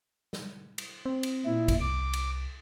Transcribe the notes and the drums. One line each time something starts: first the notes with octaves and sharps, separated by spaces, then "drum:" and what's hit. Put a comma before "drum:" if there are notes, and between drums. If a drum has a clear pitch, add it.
drum: snare
drum: cymbal
C4
drum: cymbal
A#2 E4
drum: kick G#1, cymbal
C2 D6
drum: cymbal